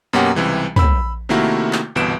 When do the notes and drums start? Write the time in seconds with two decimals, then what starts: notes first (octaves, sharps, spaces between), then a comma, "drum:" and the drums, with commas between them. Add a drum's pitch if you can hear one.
0.13 F#2 B2 A#3 C#4 G4 F#5
0.35 C#2 C3 E3 G3
0.76 B5 E6, drum: tom
1.29 C3 D#3 A3 A#3 E4 F#4
1.73 drum: clap
1.95 G1 C2 B2 E3 D7 E7